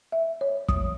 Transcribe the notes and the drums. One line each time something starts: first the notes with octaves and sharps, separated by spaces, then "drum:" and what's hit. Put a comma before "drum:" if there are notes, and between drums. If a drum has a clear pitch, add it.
E5
C#5
D#6, drum: kick